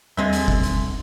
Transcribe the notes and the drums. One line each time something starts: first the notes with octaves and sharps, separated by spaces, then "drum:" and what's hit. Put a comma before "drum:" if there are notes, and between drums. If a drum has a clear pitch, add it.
D#2 D3 G3 G#3 C4 E5
drum: hi-hat
drum: kick
drum: hi-hat